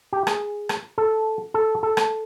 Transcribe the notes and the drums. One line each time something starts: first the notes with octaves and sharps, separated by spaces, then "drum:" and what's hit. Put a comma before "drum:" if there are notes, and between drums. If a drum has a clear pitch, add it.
G4
G#4, drum: rim click
drum: rim click
A4
A4
A4
drum: rim click